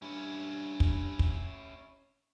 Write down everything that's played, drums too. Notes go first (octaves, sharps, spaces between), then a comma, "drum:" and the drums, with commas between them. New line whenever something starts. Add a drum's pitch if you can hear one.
G2 C#4 E4
drum: kick
drum: kick